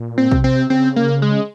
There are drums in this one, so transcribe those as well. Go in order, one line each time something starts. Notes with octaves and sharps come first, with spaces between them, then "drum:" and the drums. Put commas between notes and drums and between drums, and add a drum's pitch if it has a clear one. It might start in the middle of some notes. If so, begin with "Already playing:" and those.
Already playing: A#2
C4
C3, drum: kick
C4
C#3 C4
A#3
G#3